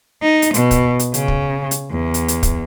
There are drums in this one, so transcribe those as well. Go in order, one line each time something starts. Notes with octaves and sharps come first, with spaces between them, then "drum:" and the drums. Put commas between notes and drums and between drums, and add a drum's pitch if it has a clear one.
D#4
drum: hi-hat
B2, drum: hi-hat
drum: kick, hi-hat
drum: hi-hat
C#3, drum: hi-hat
drum: kick
drum: hi-hat
E2
drum: hi-hat
drum: hi-hat
drum: kick, hi-hat